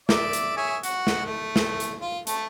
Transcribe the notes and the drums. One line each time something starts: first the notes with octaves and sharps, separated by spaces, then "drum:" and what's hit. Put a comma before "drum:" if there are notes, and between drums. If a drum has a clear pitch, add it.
D5 E5, drum: snare
drum: hi-hat
G#4 C#5 E5
F#4, drum: hi-hat
drum: snare
A3
drum: snare
drum: hi-hat
F4
A3 A5, drum: hi-hat